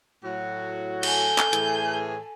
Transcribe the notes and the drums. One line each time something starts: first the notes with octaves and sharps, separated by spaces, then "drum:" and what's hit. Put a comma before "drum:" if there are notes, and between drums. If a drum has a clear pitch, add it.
A2 F#3 F#4
A4 G#5 A5 G6, drum: cymbal
drum: clap
A2 E3 G#4, drum: hi-hat